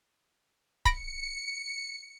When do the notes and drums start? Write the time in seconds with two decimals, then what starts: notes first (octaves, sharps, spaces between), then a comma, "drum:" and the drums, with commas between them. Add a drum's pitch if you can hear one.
0.85 B5 A#6 C#7 D7, drum: kick C#1